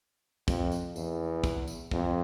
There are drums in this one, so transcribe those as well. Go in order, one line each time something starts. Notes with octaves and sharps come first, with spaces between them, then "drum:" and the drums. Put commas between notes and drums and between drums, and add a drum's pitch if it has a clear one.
F2, drum: kick, tambourine
drum: tambourine
E2, drum: tambourine
drum: kick, tambourine
drum: tambourine
F2, drum: kick